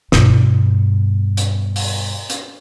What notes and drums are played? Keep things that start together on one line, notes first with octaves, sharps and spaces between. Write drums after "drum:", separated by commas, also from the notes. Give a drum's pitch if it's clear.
G2 B2, drum: snare
drum: hi-hat
drum: open hi-hat
drum: hi-hat